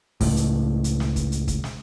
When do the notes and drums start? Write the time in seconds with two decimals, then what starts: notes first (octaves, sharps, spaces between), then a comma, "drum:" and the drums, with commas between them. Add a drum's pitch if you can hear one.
0.21 C#2 A2, drum: kick, open hi-hat
0.36 drum: hi-hat
0.84 drum: hi-hat
1.00 drum: snare
1.16 drum: kick, hi-hat
1.32 drum: hi-hat
1.48 drum: kick, hi-hat
1.64 drum: snare